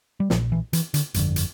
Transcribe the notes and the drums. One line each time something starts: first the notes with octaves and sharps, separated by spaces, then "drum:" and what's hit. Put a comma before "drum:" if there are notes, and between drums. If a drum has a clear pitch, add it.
G3
A#1 A#2 F3, drum: snare
E3
E3, drum: hi-hat
D3, drum: hi-hat
G1 F2 D3, drum: hi-hat
drum: hi-hat